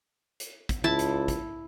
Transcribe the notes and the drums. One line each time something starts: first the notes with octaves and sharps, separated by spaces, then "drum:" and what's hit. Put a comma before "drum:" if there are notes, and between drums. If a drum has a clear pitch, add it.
drum: hi-hat
drum: kick, hi-hat
C#2 E4 A5
drum: hi-hat
drum: kick, hi-hat